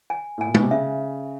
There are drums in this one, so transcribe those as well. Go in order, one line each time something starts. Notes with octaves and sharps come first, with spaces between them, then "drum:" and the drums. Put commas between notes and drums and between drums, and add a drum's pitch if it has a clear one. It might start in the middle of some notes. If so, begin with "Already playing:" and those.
G#5
A2 G#5
A#2
B2, drum: tom
C3
C#3 E5